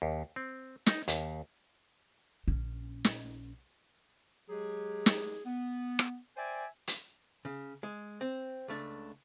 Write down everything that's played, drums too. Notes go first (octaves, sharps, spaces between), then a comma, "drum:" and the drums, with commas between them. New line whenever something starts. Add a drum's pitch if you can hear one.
D#2
C4
D#4, drum: snare
D#2, drum: hi-hat
A#1 C#4
drum: snare
F#3 G#3 G4 G#4
drum: snare
B3
drum: rim click
C5 D5 E5 G5 G#5
drum: hi-hat
C#3
G#3
C4
C#2 A3 D4